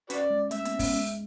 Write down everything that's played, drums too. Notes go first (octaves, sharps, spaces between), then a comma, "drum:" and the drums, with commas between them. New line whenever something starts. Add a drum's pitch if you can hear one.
C#4 F#4 B4 D5, drum: hi-hat
G#3
A3 E5, drum: hi-hat
B3, drum: hi-hat
C#4
B3, drum: kick, open hi-hat
G#3